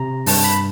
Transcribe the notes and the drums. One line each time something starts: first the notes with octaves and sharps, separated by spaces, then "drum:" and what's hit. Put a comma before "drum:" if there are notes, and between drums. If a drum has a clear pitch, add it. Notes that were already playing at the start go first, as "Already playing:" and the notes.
Already playing: C3 A#5
G2 A5, drum: open hi-hat
B5